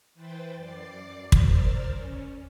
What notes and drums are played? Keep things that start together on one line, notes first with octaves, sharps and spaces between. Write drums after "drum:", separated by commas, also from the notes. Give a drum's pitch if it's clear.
E3 B4 C5 G5 A6
F#2 D5 D6 A6 C7
A#4 C5 D5 E6 F6 A6, drum: kick
C#4